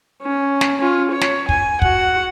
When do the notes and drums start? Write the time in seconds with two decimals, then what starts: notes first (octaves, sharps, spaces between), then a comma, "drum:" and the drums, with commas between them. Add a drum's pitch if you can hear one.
0.23 C#4
0.61 drum: snare
0.81 C#4 F4
1.12 C#5
1.21 drum: snare
1.49 G#5, drum: kick
1.82 F#4 F#5, drum: kick